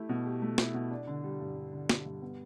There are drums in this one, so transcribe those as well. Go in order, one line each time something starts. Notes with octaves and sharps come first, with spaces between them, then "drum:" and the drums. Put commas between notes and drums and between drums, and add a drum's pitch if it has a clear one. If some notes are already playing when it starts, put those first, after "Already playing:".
Already playing: A3 E4 G4
B2
G4
A3
E4, drum: snare
B2
D4
D3
G3
G2
D4
D3
G3, drum: snare
G2
B3